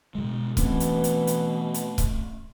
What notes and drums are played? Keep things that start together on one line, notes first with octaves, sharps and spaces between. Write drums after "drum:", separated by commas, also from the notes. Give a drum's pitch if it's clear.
B2 G#3
B2 E3 A3 C4 C#4, drum: kick, hi-hat
drum: hi-hat
drum: hi-hat
drum: hi-hat
drum: hi-hat
drum: kick, hi-hat